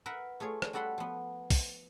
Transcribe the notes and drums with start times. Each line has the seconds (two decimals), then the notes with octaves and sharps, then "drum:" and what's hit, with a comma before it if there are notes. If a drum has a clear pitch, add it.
0.06 A#4 B4 E5 F#5 A#5
0.40 A3 F4 G#4 C#5
0.62 drum: rim click
0.73 G3 F#4 A4 F#5 B5 C6
0.98 F3 B3
1.50 drum: kick, open hi-hat